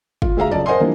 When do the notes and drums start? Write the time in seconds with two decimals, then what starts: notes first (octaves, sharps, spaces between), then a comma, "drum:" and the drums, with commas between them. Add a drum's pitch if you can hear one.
0.22 F4, drum: kick
0.37 D2 G#4 E5 F5 A#5
0.51 F#1 F2 D5 D#5 A5
0.66 A#4 C5 D#5 F#5 G#5 C6
0.80 E3 F3 G3 A#3 D4